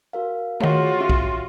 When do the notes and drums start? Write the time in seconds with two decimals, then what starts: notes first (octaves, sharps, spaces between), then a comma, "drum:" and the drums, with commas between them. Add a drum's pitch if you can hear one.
0.13 F#4 A#4 F5
0.61 D#3 A3 F4 F#4 G#4 C#5 F#5
1.00 C#4 G4 E5
1.10 drum: kick